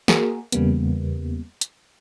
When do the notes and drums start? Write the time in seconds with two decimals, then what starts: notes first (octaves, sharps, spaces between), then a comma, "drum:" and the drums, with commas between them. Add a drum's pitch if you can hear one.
0.08 A#3 F#4 G#4 A#4, drum: snare
0.52 E2 C#3 G3 A#3 B3, drum: hi-hat
1.61 drum: hi-hat